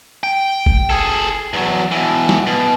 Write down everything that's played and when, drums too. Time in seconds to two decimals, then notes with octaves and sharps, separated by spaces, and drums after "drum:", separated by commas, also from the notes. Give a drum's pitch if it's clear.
0.23 G5
0.66 drum: kick F#1
0.90 G#4 A4
1.53 E2 F#3
1.91 B2 E3
2.29 drum: snare
2.47 B2